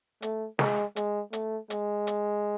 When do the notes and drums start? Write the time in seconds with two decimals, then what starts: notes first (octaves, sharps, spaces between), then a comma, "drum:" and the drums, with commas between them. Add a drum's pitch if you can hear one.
0.22 A3, drum: hi-hat
0.59 G#3, drum: snare
0.96 G#3, drum: hi-hat
1.33 A3, drum: hi-hat
1.70 G#3, drum: hi-hat
2.07 drum: hi-hat